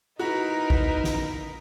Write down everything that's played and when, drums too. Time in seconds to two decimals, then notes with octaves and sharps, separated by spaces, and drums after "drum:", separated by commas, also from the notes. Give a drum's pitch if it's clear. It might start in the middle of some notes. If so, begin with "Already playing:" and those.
0.19 D#4 E4 F#4 A#4 B4 A#5
0.70 drum: kick A1
1.04 drum: snare